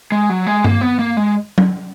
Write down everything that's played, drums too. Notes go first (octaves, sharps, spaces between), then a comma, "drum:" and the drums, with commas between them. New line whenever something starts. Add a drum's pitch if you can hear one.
G#3
F#3
G#3
A#3, drum: tom G2
B3
A#3
G#3
drum: tom F#3